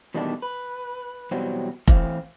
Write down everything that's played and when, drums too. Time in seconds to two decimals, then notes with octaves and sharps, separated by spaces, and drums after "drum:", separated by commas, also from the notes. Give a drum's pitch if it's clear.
0.14 E2 B2 D#3 G3 A3 D4
0.42 B4
1.31 B2 E3 F#3 G3 C4
1.88 A2 E3 C4 E5 F5, drum: kick F1